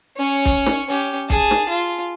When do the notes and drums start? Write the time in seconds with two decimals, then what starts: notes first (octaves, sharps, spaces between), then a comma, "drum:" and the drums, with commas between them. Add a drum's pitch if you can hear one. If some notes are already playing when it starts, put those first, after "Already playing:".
0.17 C#4 C#5
0.45 drum: kick, hi-hat
0.66 drum: snare
0.90 C#4 G4, drum: hi-hat
1.30 G#4 A5, drum: kick, hi-hat
1.51 drum: snare
1.69 F4